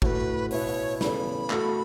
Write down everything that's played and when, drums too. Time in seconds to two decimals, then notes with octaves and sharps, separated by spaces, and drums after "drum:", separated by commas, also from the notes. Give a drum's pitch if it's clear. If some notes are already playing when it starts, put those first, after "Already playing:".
0.02 A2 A3 F#4 B4 C#5, drum: kick
0.51 B2 B3 E4 C#5, drum: open hi-hat
1.01 C#3 E3 B3 A4 B5, drum: snare
1.50 A3 F#4 A4, drum: clap